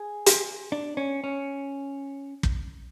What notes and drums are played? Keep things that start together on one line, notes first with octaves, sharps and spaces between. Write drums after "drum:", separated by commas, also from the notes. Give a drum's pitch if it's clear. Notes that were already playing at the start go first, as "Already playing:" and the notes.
Already playing: G#4
drum: hi-hat
D4
C#4
C#4
drum: kick